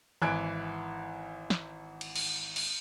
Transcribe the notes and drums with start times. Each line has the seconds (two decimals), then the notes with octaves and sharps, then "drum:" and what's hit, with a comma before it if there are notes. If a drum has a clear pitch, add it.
0.22 G#1 E3 G#5 F#6 G#6 D7
1.50 drum: snare
2.01 drum: cymbal
2.16 drum: cymbal
2.56 drum: cymbal